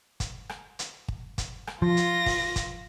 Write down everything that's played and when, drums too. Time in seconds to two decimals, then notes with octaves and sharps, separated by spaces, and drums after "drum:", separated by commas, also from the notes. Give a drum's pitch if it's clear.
0.20 drum: kick, hi-hat
0.49 drum: rim click
0.79 drum: hi-hat
1.08 drum: kick
1.38 drum: kick, hi-hat
1.67 drum: rim click
1.82 F3 F4 A#6
1.97 drum: hi-hat
2.26 drum: kick, open hi-hat
2.56 drum: kick, hi-hat